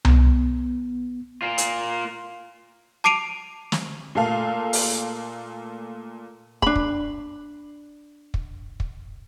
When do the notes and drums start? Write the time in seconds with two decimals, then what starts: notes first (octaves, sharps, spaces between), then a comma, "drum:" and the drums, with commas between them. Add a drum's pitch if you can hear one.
0.05 B3, drum: tom C2
1.42 A#3 F4
1.58 drum: hi-hat
3.04 A5 D6 C7 D7 D#7 F7
3.72 drum: snare
4.15 A#2 A3 A4 F5
4.73 drum: open hi-hat
6.62 D4 B5, drum: kick
6.76 drum: kick
8.34 drum: kick
8.80 drum: kick